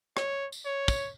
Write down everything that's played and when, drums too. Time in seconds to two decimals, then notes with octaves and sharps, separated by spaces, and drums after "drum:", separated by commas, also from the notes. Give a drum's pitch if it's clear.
0.17 C#5, drum: rim click
0.52 drum: tambourine
0.65 C#5
0.88 drum: kick, tambourine